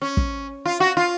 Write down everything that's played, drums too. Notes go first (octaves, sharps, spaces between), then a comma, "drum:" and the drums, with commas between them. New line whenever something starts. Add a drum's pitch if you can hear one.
C#4
drum: kick
F4
F#4
F4